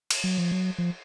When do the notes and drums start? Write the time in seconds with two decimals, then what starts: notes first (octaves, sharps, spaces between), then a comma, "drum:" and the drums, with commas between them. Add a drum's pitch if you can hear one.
0.11 drum: cymbal
0.24 F#3
0.38 F3
0.52 F#3
0.78 F3